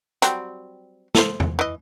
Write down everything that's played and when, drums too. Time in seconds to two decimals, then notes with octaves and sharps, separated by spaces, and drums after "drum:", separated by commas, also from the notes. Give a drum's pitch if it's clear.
0.22 F#3 G3 C4, drum: hi-hat
1.15 A4 C5, drum: snare
1.40 drum: tom E2
1.59 E3 D#5